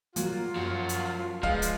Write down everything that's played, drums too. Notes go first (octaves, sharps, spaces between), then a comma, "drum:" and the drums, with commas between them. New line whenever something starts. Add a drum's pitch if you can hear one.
F#3 A#3 F4, drum: hi-hat
F#2 F3 F#4
drum: hi-hat
F3 G#3 B4 D#5 F5, drum: kick
drum: hi-hat